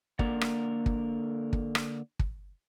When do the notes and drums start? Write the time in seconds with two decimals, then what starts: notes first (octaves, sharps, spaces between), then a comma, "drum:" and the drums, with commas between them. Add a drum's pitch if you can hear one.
0.19 D3 A#3 A#4 D5 F#5, drum: kick
0.41 drum: rim click
0.86 drum: kick
1.53 drum: kick
1.75 drum: rim click
2.19 drum: kick